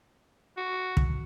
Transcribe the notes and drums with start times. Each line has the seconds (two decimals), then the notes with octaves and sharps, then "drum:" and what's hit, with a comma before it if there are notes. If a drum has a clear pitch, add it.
0.57 F#4
0.97 drum: kick